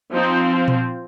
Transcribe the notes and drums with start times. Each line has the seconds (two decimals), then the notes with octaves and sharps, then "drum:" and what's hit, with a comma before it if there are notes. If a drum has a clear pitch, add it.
0.12 F3 C4 D#4
0.68 drum: tom A#2